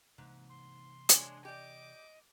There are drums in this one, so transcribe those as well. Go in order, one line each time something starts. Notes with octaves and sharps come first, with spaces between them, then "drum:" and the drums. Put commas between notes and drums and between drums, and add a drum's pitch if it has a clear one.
G#2 C3 E3 A#3
C6
G#3 D4 C#5, drum: hi-hat
G4 D5 D#5 D6